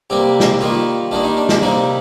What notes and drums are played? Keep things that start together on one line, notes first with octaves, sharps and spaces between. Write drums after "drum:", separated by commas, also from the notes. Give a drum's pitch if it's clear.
C3 G3 A#3 G4
drum: snare
D#3 G3 A#3 F4
D#3 G3 A#3 D4
D#4
D4
D4, drum: snare
C3 G3 A#3 D#4